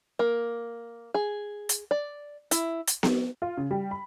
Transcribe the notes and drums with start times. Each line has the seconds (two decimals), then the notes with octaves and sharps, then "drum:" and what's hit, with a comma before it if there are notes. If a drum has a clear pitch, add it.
0.19 A#3
1.14 G#4
1.69 drum: hi-hat
1.91 D5
2.51 E4, drum: hi-hat
2.87 drum: hi-hat
3.03 drum: snare B3
3.42 F4
3.57 C#3
3.71 G3
3.91 B5